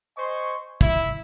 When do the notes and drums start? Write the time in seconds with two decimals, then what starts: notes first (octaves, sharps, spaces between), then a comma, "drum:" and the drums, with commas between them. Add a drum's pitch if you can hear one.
0.18 C5 D#5 G#5 C6 C#6
0.81 E4, drum: kick, hi-hat